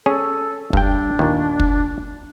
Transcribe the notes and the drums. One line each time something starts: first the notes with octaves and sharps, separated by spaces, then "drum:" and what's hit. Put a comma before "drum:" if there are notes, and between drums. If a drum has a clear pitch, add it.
C#4 G#4 A4 C#5
G2 D4 G5, drum: kick
D#2 A#2
drum: kick